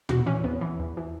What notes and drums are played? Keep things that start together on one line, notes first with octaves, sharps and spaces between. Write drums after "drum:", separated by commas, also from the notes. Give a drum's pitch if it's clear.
E2 F#4, drum: tom
E3 C#4
E2 B3
E3
E2
E3